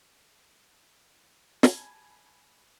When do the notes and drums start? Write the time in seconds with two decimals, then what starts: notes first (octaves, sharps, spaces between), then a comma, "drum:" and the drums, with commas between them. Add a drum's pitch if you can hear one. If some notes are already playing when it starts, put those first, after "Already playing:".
1.63 G#5 A5 B5 G#6, drum: snare